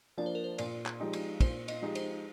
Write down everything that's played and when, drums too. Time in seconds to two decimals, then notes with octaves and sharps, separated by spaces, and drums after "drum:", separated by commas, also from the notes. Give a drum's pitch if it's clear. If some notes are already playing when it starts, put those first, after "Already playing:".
0.17 F3 A#3 D4 D5
0.26 C5
0.35 A#4
0.44 C5
0.58 A#2 D5, drum: cymbal
0.86 drum: clap
1.00 F3 G#3 D#4 G4
1.13 drum: cymbal
1.40 A#2 C5, drum: kick, cymbal
1.68 D#5, drum: cymbal
1.82 F3 G#3 D#4 G4
1.95 C5, drum: cymbal